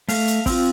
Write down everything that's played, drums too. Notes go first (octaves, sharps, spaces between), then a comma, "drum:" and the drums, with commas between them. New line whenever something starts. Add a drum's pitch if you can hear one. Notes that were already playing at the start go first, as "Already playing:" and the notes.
A3 F5, drum: open hi-hat
drum: hi-hat
C4 F4, drum: kick, open hi-hat